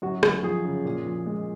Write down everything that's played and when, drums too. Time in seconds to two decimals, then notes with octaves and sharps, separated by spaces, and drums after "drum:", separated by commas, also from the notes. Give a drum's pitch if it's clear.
0.02 F#2 F#4
0.23 F#2, drum: rim click
0.43 F3 G#4
0.65 C#3
0.85 A#2
1.06 F3
1.26 G#3